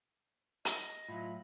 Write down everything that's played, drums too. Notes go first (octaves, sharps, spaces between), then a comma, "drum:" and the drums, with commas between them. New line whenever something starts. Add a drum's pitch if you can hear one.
D#5, drum: hi-hat
A2 F#3 F4 E5 B5